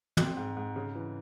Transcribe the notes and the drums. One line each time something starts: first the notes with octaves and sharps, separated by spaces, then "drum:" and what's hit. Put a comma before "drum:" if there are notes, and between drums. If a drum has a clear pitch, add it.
C4, drum: tom
G#2
G#2
C#3
E3